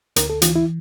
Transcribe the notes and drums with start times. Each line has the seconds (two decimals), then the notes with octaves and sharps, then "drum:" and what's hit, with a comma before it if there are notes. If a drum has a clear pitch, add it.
0.16 D2 A#4, drum: hi-hat
0.30 A4
0.42 E3 F4, drum: hi-hat
0.56 E4